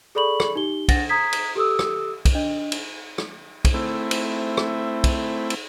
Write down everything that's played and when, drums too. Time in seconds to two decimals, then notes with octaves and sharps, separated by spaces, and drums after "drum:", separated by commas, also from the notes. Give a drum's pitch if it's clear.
0.15 G#4 A4 D5 B5 C#6 F#7
0.40 drum: rim click
0.55 D#4 G4 G7
0.89 D4 F#5 A6 A#6, drum: kick, cymbal
1.09 A#5 D#6 G#6 B6
1.33 drum: cymbal
1.55 G4 A4 D#6 E6
1.79 drum: rim click
2.25 drum: kick, cymbal
2.35 D4 D#5
2.72 drum: cymbal
3.18 drum: rim click
3.65 drum: kick, cymbal
3.74 A3 C4 E4
4.11 drum: cymbal
4.57 drum: rim click
5.04 drum: kick, cymbal
5.50 drum: cymbal